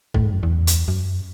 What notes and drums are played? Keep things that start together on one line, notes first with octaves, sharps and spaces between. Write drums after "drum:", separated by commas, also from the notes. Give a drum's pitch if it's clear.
A2, drum: kick
G#2
F#2
E2
drum: hi-hat
F#2